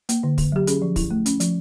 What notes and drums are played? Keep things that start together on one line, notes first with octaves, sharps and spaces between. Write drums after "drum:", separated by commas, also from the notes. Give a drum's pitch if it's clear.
A#3, drum: hi-hat
D3
D3, drum: kick, open hi-hat
F#3 G4
C#4 G#4, drum: hi-hat
F3
E4, drum: kick, open hi-hat
A3
C#4, drum: hi-hat
F3, drum: hi-hat